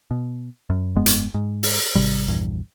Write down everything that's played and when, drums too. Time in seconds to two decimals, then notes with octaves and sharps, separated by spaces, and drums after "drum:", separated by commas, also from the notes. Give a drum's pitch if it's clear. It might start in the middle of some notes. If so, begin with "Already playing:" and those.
0.11 B2
0.70 F#2
0.95 F1 G2 G#3 B3
1.06 drum: hi-hat
1.34 G#2
1.63 drum: open hi-hat
1.95 G#1 C3 G3
2.28 A#1 E2 G2